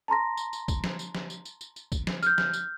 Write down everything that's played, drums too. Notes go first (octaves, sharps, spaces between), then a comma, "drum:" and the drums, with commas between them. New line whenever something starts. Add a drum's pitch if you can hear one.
A5 A#5 C6 A#6
drum: tambourine
drum: tambourine
drum: kick, tambourine
drum: snare
drum: tambourine
drum: snare
drum: tambourine
drum: tambourine
drum: tambourine
drum: tambourine
drum: kick, tambourine
drum: snare
F6 G6, drum: tambourine
drum: snare
drum: tambourine